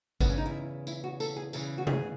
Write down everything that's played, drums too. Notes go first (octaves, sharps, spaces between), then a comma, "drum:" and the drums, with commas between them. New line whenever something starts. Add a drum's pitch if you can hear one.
E2 C#3 E3 B3, drum: kick G#1, tambourine
C#4
D#4
E4
E4, drum: tambourine
F#4
A4, drum: tambourine
G#4
E2 C#3 E3 E4, drum: tambourine
F#4
G#4, drum: tom C3